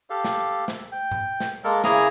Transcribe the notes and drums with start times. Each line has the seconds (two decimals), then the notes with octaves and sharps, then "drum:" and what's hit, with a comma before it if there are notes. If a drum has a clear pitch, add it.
0.10 G4 A4 F5
0.24 drum: snare
0.68 drum: snare
0.92 G5
1.11 drum: tom G#2
1.40 drum: snare
1.64 G#3 A#3 A4 A#4
1.84 C#3 A#3 E4 G#4 G#5 A#5, drum: snare